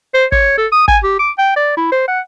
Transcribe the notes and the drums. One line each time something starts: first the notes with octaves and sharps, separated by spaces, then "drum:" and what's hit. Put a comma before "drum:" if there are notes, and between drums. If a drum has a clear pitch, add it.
C5
C#5, drum: kick
A4
D#6
G#5, drum: kick
G4
D6
G5
D5
E4
C5
F#5